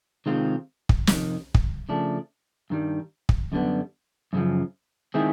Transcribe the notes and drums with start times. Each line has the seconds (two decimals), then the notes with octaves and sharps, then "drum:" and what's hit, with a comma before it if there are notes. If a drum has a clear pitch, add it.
0.26 C3 D#3 G#3 C4 F4
0.89 drum: kick
1.07 F2 C3 D#3, drum: snare
1.55 drum: kick
1.89 C#3 F3 A3 D4
2.70 G2 D#3 G3
3.29 drum: kick
3.52 F#2 D3 G3 B3
4.33 F#2 C#3 F3
5.14 D#3 G#3 C4 E4 G#4